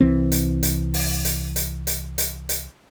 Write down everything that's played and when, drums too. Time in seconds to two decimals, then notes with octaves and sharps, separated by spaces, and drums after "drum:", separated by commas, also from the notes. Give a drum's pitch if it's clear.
0.01 C2 E3 C4
0.32 drum: hi-hat
0.63 drum: hi-hat
0.94 drum: open hi-hat
1.25 drum: hi-hat
1.56 drum: hi-hat
1.87 drum: hi-hat
2.18 drum: hi-hat
2.49 drum: hi-hat